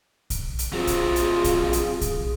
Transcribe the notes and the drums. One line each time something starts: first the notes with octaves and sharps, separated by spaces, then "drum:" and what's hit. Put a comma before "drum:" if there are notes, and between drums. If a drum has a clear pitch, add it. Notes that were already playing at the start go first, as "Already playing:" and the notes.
drum: kick A#1, hi-hat
drum: hi-hat
F#3 C4 F4 G#4
drum: kick A#1, hi-hat
drum: hi-hat
drum: kick A#1, hi-hat
drum: hi-hat
drum: kick A#1, hi-hat